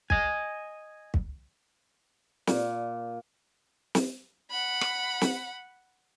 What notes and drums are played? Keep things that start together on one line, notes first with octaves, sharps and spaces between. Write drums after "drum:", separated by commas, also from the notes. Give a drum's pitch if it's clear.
D#5 G#5, drum: kick
drum: kick
A#2, drum: snare
drum: snare
F#5 B5
drum: rim click
drum: snare